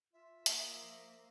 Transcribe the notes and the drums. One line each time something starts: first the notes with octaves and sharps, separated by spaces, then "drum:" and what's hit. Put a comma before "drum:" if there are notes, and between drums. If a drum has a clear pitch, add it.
F4 E5
A#3 D#6 E6 D7, drum: hi-hat
F3